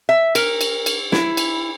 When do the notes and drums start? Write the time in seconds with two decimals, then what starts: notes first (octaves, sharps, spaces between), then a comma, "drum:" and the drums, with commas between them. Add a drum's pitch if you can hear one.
0.09 E5
0.35 A#4, drum: cymbal
0.61 drum: cymbal
0.86 drum: cymbal
1.12 E4, drum: snare
1.37 drum: cymbal